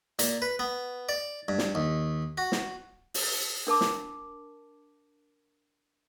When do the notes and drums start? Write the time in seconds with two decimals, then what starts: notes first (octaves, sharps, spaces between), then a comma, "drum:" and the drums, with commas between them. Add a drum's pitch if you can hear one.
0.19 A#2, drum: hi-hat
0.42 B4
0.59 B3
1.09 D5
1.48 G2
1.58 drum: snare
1.75 D#2
2.38 F#4
2.52 drum: snare
3.14 drum: open hi-hat
3.67 D4 A#4 A5 D6
3.81 drum: snare